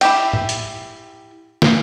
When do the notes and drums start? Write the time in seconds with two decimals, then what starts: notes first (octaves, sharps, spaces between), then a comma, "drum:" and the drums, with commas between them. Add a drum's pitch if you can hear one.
0.01 E4 G4 G5, drum: cymbal
0.33 drum: tom
0.49 drum: hi-hat
1.62 drum: snare